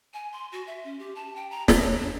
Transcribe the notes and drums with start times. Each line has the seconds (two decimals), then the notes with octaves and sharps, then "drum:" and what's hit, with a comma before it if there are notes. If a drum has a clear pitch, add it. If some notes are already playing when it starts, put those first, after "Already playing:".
0.13 G#5
0.33 C6
0.52 F#4
0.67 E5
0.84 C#4
0.99 G4
1.15 A5
1.36 G5
1.50 A#5
1.68 D#5, drum: snare
1.82 C#5
1.98 D4